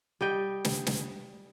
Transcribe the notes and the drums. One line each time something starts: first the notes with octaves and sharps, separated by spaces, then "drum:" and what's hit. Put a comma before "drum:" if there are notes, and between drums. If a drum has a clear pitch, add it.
G3 D#5 G5
drum: snare
drum: snare